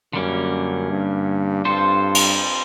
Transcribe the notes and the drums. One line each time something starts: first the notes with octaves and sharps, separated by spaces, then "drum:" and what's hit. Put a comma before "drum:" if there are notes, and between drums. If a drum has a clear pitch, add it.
F#2 D3 G3 A#3 C#4
G2
G2 C4 F4 A4 C5
drum: cymbal